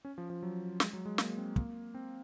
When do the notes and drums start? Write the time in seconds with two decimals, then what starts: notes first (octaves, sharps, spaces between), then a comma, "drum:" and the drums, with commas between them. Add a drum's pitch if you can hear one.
0.05 C#4
0.18 F3
0.30 F3
0.43 F#3
0.80 G#3, drum: snare
0.93 F#3
1.06 G#3
1.18 A#3, drum: snare
1.38 C4
1.56 A#3, drum: kick
1.94 C4